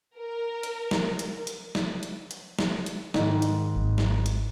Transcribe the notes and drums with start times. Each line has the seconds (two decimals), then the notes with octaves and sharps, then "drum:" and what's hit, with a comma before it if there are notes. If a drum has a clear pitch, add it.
0.16 A#4
0.63 drum: hi-hat
0.91 drum: snare
1.19 drum: hi-hat
1.47 drum: hi-hat
1.75 drum: snare
2.03 drum: hi-hat
2.31 drum: hi-hat
2.59 drum: snare
2.86 drum: hi-hat
3.14 G#2 D#3 D#5, drum: snare
3.42 drum: hi-hat
3.75 G#1
3.98 drum: snare
4.26 drum: hi-hat